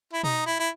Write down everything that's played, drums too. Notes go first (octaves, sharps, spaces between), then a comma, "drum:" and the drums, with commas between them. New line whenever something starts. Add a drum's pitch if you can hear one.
E4
D#4, drum: tom B2
E4
E4